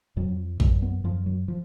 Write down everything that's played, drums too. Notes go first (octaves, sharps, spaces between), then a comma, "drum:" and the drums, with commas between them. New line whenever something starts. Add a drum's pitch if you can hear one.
F2 F#3
F#2 G#3, drum: kick A#1
B3
F#2 F3
F#3
F3